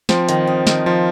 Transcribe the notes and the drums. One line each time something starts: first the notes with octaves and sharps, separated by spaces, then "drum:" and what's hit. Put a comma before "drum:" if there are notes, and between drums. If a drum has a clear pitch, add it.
F3 C4, drum: snare
D#3, drum: hi-hat
D#4
D#3, drum: snare
F3 F4